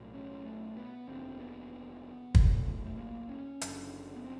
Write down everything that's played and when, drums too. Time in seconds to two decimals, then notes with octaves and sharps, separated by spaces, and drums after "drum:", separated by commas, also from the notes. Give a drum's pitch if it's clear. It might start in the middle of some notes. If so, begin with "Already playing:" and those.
Already playing: B1 A2
0.14 C#4
0.45 A3
0.77 B3
1.08 F1 D#2 D3 C4
1.40 B3
2.35 B1 A2, drum: kick
2.86 A3
2.98 A#3
3.29 C#4
3.61 F#1 F#2 D3, drum: hi-hat
4.16 B3
4.24 C4